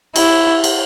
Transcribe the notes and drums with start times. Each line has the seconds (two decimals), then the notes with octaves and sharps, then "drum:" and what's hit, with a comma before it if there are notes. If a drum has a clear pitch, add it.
0.16 E4, drum: cymbal
0.64 drum: cymbal